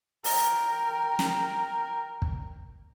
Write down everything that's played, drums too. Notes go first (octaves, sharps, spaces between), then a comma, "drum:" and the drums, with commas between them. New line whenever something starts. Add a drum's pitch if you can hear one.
A#4 G5, drum: open hi-hat
drum: snare
drum: kick